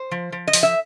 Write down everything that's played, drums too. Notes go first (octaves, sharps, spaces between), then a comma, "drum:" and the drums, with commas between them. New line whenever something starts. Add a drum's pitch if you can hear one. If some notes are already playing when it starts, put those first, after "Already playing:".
Already playing: C5
F3
F3
D#5
F3, drum: open hi-hat
E5